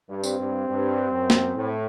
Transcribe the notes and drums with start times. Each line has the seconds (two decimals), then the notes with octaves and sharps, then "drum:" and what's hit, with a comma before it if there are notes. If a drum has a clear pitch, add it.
0.09 G2
0.24 C4, drum: tambourine
0.38 G2
0.68 G2
1.12 F#2
1.30 drum: snare
1.56 A2